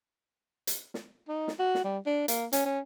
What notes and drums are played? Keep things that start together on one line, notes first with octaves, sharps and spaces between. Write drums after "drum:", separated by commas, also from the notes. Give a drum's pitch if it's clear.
drum: hi-hat
drum: snare
D#4
drum: snare
F#4
drum: snare
G3
D4
A#3, drum: hi-hat
C#4, drum: hi-hat
C#4